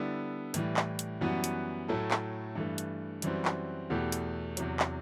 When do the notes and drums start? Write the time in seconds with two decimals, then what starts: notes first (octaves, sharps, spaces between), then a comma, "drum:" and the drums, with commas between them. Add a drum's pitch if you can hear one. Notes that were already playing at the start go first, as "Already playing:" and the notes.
Already playing: D3 G3 B3 E4
0.54 A2 E3 G3, drum: hi-hat
0.77 drum: clap
0.99 drum: hi-hat
1.21 F#2 E3 G3 B3 F#4
1.44 drum: hi-hat
1.88 A2 F#3 A3 E4 A4
2.11 drum: clap
2.55 G2 E3 A3
2.78 drum: hi-hat
3.22 F#2 E3 G3 C4 F#4, drum: hi-hat
3.45 drum: clap
3.90 E2 B2 A3 E4 G4
4.12 drum: hi-hat
4.57 E2 C3 F#3, drum: hi-hat
4.80 drum: clap